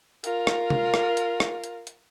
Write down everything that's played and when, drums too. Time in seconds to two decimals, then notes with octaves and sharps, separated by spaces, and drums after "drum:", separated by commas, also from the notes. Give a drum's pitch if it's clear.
0.24 F4 A#4, drum: hi-hat
0.47 drum: rim click
0.70 drum: tom C3
0.94 drum: rim click
1.17 drum: hi-hat
1.40 drum: rim click
1.64 drum: hi-hat
1.87 drum: hi-hat